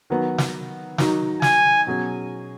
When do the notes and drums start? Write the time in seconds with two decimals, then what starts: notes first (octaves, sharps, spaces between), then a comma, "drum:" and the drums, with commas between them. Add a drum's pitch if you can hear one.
0.10 D#3 F#3 B3
0.38 drum: snare
0.98 D#3 F#3 D#4 F#4, drum: snare
1.42 G#5, drum: snare
1.86 B2 F#3 C#4 G#4